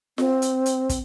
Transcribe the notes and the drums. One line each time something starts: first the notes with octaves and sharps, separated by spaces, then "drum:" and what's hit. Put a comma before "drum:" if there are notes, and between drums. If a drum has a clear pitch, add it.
C4, drum: snare F4
drum: hi-hat
drum: hi-hat
drum: kick, hi-hat